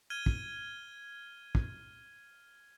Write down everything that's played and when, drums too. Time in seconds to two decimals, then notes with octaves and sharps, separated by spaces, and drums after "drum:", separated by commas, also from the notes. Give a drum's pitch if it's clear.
0.10 F6 G#6 D#7 G7
0.26 drum: kick
1.55 drum: kick